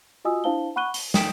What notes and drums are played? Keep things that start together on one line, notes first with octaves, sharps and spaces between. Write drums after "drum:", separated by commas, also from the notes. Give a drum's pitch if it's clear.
F4 F#4 D#5 G#5 D#6 E6
D4 E4 C5 F5 A5 G7
F#5 B5 C#6 F#6 D#7 G7
G7, drum: open hi-hat
G5 D#6 B6 D7 E7, drum: snare